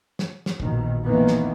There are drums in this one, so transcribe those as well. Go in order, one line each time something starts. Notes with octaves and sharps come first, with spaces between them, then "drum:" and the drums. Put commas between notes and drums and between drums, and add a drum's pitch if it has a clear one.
drum: snare
drum: snare
A#1 B2 D#3, drum: kick
D#3 E3 A#3 B3
drum: snare